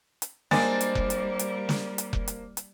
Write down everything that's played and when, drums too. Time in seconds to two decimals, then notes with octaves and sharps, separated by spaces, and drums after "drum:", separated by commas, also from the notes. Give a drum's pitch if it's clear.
0.22 drum: hi-hat
0.51 G3 G#3 A#3 C4 D4 A6, drum: snare
0.81 drum: hi-hat
0.95 drum: kick F1
1.10 drum: hi-hat
1.39 drum: hi-hat
1.69 drum: snare
1.98 drum: hi-hat
2.13 drum: kick F1
2.28 drum: hi-hat
2.57 drum: hi-hat